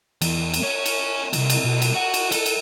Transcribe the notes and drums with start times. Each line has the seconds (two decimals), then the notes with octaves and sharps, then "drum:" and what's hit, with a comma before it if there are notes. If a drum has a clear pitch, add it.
0.22 E2, drum: cymbal
0.54 drum: cymbal
0.63 C#4
0.86 drum: cymbal
1.33 C2 F2, drum: cymbal
1.50 drum: cymbal
1.64 B1
1.82 drum: cymbal
1.94 F#4
2.14 drum: cymbal
2.32 A4, drum: cymbal
2.46 drum: cymbal